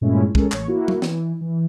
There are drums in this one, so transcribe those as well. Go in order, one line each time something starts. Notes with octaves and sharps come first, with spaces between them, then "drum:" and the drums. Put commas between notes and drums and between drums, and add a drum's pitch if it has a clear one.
G2 A#2 G#3 A3 C#4 E4
G#3 C#4 A4 A#4, drum: kick
A1 C#5, drum: clap
A#3 E4 F#4
drum: tom F#3
E3, drum: snare
E3